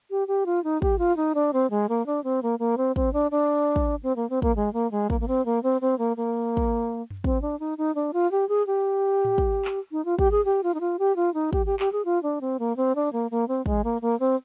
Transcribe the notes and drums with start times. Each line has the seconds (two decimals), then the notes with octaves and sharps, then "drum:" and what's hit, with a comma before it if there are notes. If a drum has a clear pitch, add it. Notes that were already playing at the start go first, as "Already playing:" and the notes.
0.10 G4
0.28 G4
0.46 F4
0.64 D#4
0.82 G4, drum: kick
0.99 F4
1.17 D#4
1.35 D4
1.53 C4
1.70 G#3
1.89 A#3
2.06 D4
2.24 C4
2.43 A#3
2.59 A#3
2.78 C4
2.96 C4, drum: kick
3.13 D4
3.31 D4
3.76 drum: kick
4.03 C4
4.16 A#3
4.30 C4
4.42 A#3, drum: kick
4.56 G#3
4.73 A#3
4.91 G#3
5.10 A#3, drum: kick
5.21 A#3
5.28 C4
5.46 A#3
5.63 C4
5.81 C4
5.99 A#3
6.17 A#3
6.57 drum: kick
7.10 drum: tom F#2
7.24 C4, drum: kick
7.42 D4
7.60 D#4
7.78 D#4
7.95 D4
8.13 F4
8.31 G4
8.49 G#4
8.67 G4
9.25 drum: tom A2
9.38 drum: kick
9.65 drum: clap
9.92 D#4
10.05 F4
10.19 G4, drum: kick
10.31 G#4
10.45 G4
10.63 F4
10.74 D#4
10.80 F4
10.99 G4
11.16 F4
11.34 D#4
11.53 G4, drum: kick
11.66 G4
11.79 G4, drum: clap
11.93 G#4
12.05 F4
12.23 D4
12.41 C4
12.59 A#3
12.77 C4
12.96 D4
13.13 A#3
13.31 A#3
13.48 C4
13.66 G#3, drum: kick
13.84 A#3
14.02 A#3
14.20 C4